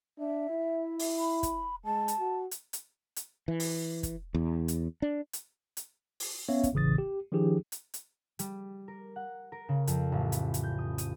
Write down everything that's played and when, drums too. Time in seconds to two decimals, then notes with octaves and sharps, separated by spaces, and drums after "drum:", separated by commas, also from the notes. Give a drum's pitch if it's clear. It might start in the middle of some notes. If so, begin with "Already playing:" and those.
0.19 D4 E5
0.50 E4
1.00 drum: open hi-hat
1.18 B5
1.43 drum: kick, hi-hat
1.85 G#3 A5
2.08 drum: hi-hat
2.19 F#4
2.51 drum: hi-hat
2.73 drum: hi-hat
3.16 drum: hi-hat
3.48 E3
3.60 drum: open hi-hat
4.03 drum: kick, hi-hat
4.35 E2
4.68 drum: hi-hat
5.02 D4
5.33 drum: hi-hat
5.77 drum: hi-hat
6.20 drum: open hi-hat
6.48 B3 C#4 C#5 E5 F5
6.63 drum: kick, hi-hat
6.73 A1 A2 C#3 E3 D#6 A6
6.98 G4
7.32 D#3 F3 D4 E4 G4 G#4
7.72 drum: hi-hat
7.94 drum: hi-hat
8.39 G3, drum: hi-hat
8.88 A#4
9.16 F#5
9.52 A#4
9.69 C#3
9.87 F2, drum: hi-hat
10.12 A1
10.32 B5, drum: hi-hat
10.54 drum: hi-hat
10.63 G6
10.78 D#6
10.98 D#7, drum: hi-hat